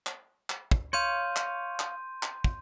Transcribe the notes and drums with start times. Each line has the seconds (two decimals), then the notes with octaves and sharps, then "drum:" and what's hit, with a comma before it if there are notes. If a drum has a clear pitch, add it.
0.07 drum: clap
0.50 drum: clap
0.71 drum: kick
0.93 C#5 F5 C6 G6 D#7
1.36 drum: clap
1.80 drum: clap
2.23 drum: clap
2.44 drum: kick